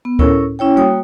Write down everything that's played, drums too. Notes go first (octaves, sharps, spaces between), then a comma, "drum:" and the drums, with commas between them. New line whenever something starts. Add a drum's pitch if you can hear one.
B3
C#4 E4 A4 A#4 C#5 E6, drum: kick D2
C#4 E4 C#5 G5
G3 A#3 F#4 C#5 G5 D#6